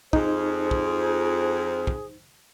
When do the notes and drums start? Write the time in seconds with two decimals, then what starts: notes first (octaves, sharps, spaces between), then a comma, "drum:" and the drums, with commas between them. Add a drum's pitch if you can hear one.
0.13 F2 D#4 G#4 C5, drum: kick
0.71 drum: kick
1.87 drum: kick